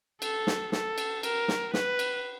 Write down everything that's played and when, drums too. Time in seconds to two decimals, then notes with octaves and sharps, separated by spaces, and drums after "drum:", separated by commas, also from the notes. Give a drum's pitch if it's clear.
0.22 A4, drum: cymbal
0.47 drum: snare
0.72 A4, drum: snare
0.98 drum: cymbal
1.23 A#4, drum: cymbal
1.48 drum: snare
1.74 B4, drum: snare
1.99 drum: cymbal